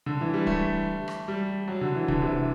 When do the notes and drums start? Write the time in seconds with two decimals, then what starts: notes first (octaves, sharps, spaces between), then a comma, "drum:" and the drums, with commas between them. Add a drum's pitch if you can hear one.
0.06 D3
0.21 E3
0.34 G3
0.47 A3, drum: kick D1
1.08 drum: rim click
1.28 G3
1.68 F#3
1.81 D3
1.95 E3
2.08 D3, drum: kick D1
2.22 C3
2.35 E3